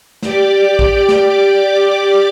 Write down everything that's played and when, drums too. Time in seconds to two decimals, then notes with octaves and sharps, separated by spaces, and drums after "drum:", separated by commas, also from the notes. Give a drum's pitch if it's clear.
0.22 G4 D5 D6, drum: snare
0.79 drum: kick A1
1.08 drum: snare